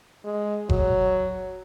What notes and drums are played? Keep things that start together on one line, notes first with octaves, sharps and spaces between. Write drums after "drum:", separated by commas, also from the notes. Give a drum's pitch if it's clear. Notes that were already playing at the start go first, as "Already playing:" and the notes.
G#3
F#3, drum: kick F#1